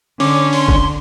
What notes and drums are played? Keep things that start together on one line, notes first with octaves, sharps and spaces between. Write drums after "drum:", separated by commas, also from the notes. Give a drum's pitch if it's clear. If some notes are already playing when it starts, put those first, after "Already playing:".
D3 C#4 D6, drum: open hi-hat
C6, drum: open hi-hat
drum: kick